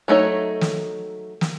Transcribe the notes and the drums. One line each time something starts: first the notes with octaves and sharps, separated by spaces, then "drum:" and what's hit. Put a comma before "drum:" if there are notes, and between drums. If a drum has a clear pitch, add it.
F#3 A3 D#4 C#5
drum: snare
drum: snare